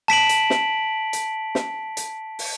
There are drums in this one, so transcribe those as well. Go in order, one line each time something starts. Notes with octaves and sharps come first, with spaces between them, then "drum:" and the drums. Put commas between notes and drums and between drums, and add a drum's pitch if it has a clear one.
A5 B6 D7 F#7
drum: hi-hat
drum: snare
drum: hi-hat
drum: snare
drum: hi-hat
drum: open hi-hat